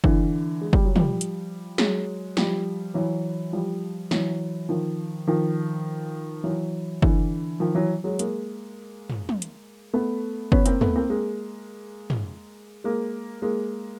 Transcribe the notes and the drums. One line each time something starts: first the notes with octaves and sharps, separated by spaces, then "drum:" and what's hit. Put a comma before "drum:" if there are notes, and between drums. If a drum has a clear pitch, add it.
D3 E3, drum: kick
G#3
G3, drum: kick
F#3
F3 G3, drum: tom
drum: hi-hat
F#3 G#3, drum: snare
F3 G3, drum: snare
E3 F#3
F3 G3
E3 F#3, drum: snare
D#3 F3
D#3 F3
E3 F#3
D3 E3, drum: kick
D#3 F3
E3 F#3
F#3 G#3
G#3 A#3, drum: hi-hat
drum: tom
drum: tom
drum: hi-hat
A3 B3
B3 C#4, drum: kick
A#3 C4, drum: hi-hat
A3 B3, drum: tom
A#3 C4
G#3 A#3
drum: tom
G#3 A#3
G#3 A#3